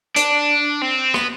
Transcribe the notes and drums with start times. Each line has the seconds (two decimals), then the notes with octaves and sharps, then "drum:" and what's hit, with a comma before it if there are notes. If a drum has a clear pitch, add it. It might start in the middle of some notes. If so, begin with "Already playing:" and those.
0.16 D4, drum: hi-hat
0.81 C4
1.14 B3, drum: rim click